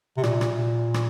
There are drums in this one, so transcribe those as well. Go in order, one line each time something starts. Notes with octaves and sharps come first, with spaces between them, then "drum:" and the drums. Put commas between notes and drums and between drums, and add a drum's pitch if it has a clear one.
C3
A#2, drum: rim click
drum: rim click
drum: rim click